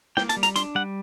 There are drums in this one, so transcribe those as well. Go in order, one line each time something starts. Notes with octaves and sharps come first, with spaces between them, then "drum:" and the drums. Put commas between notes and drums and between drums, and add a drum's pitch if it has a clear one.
A#3 G5, drum: snare
A5, drum: hi-hat
G3
A#5, drum: hi-hat
D4 C6, drum: hi-hat
G3 F#5